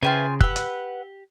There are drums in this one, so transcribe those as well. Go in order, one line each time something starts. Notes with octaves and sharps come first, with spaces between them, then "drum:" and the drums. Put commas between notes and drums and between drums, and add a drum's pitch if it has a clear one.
C#3 F4 B4 C5 E5 G5 G#5 G6
G4 B4 F#5 E6 F#6, drum: kick
drum: hi-hat